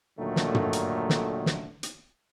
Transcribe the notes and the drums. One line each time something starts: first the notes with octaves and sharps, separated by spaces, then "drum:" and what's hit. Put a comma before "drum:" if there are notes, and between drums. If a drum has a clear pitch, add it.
D#2 A#2 D3 D#3 F#3 A3
drum: snare
drum: tom
drum: hi-hat
drum: snare
drum: snare
drum: hi-hat